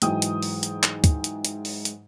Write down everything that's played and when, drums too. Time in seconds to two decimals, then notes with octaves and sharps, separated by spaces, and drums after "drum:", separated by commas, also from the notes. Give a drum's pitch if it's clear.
0.02 G#2 E3 F#3 D#4 G5 D#6, drum: hi-hat
0.22 drum: hi-hat
0.43 drum: open hi-hat
0.63 drum: hi-hat
0.83 drum: clap
1.04 drum: kick, hi-hat
1.24 drum: hi-hat
1.45 drum: hi-hat
1.65 drum: open hi-hat
1.85 drum: hi-hat